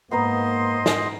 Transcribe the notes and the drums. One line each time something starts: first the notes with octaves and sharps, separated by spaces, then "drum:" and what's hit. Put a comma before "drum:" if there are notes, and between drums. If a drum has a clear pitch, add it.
G#2 A#3 B3 A#4 C5 D#5 A#5 C6
drum: snare